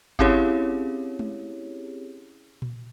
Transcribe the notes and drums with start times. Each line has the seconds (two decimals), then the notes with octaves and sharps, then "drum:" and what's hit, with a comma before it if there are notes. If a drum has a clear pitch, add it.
0.19 C4 C#4 E4 G4 G#4 C#5, drum: kick G#1
1.19 drum: tom G#3
2.62 drum: tom A#2